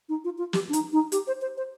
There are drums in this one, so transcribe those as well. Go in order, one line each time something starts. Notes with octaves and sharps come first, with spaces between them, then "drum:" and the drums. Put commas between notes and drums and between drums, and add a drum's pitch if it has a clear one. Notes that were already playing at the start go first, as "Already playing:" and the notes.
D#4
F4
F4
G4, drum: snare
D4
D#4, drum: hi-hat
D#4
G4, drum: hi-hat
C5
C5
C5